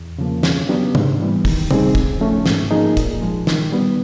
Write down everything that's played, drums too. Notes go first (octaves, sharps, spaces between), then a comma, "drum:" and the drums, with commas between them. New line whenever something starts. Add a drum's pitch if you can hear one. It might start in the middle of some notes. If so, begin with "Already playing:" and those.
Already playing: E2
C#3 F3 A#3
C#3, drum: snare
F#3 B3 D4 G4
G#2, drum: tom C3
E3 G3 B3
D#3, drum: kick, open hi-hat
G3 C4 D#4 G#4, drum: tom C3
C#3, drum: kick, hi-hat
F3 A3 C#4
G#2, drum: snare
F3 A#3 D#4 G#4
A#2, drum: kick, hi-hat
F3 G#3
D#3, drum: snare
G3 B3